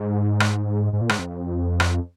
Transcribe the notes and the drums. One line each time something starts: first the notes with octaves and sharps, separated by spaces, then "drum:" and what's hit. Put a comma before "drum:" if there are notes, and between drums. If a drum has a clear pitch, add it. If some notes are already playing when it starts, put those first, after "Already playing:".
Already playing: G#2
drum: rim click
G#2
A#2
G#2, drum: rim click
F2
drum: rim click